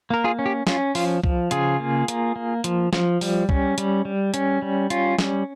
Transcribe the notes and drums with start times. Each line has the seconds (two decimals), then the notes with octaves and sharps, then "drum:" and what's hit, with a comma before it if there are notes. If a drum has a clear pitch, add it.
0.10 A#3 A#4
0.24 F4 G#4
0.39 C#4
0.46 G4
0.67 C#4 F4, drum: snare
0.95 F3 F4, drum: open hi-hat
1.24 F3, drum: kick
1.51 C#3 F4 G#4, drum: hi-hat
1.80 A#3
2.08 A#3, drum: hi-hat
2.36 A#3
2.64 F3, drum: hi-hat
2.93 F3, drum: snare
3.21 G3, drum: open hi-hat
3.49 C#4, drum: kick
3.78 G3, drum: hi-hat
4.05 G3
4.34 C#4, drum: hi-hat
4.62 G3
4.90 C#4 F4, drum: hi-hat
5.19 G3, drum: snare